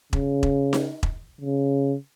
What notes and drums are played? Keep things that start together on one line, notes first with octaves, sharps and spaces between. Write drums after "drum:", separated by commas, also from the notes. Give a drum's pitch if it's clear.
C#3, drum: kick E1
drum: kick E1
drum: snare D#4
drum: kick E1
C#3